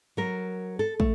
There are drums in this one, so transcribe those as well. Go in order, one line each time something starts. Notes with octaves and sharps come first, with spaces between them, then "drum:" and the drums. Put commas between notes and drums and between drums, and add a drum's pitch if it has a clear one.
F#3 A#4
A4
A3, drum: kick